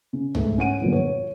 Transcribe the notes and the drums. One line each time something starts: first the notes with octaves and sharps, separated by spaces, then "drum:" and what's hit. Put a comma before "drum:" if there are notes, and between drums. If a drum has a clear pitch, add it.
C#3
G#2 A3, drum: tom
C#4 F#5 D7 D#7
G1 A#2 F3 F#3
C#5